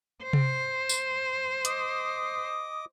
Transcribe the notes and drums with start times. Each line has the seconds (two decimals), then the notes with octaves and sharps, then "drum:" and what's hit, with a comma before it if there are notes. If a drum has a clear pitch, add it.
0.23 C5
0.33 drum: tom C3
0.89 drum: tambourine
1.65 D#5 D6 D#6, drum: hi-hat